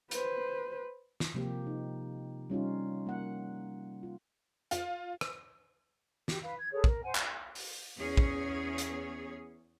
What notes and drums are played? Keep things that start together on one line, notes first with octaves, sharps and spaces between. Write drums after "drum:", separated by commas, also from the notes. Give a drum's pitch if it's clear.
B4 C5, drum: hi-hat
drum: snare
C3 F3 A#3 G4
D#4
G3 C#4 D#4 F4
A#3 F#5
F4
F4, drum: hi-hat
drum: rim click
F#4 G4, drum: snare
B4 F5
G#6
G#4 A4 B4 C#5
A#4, drum: kick
C5 F#5 G#5
drum: clap
drum: open hi-hat
E2 C#4 G#4 C#5
drum: kick
drum: hi-hat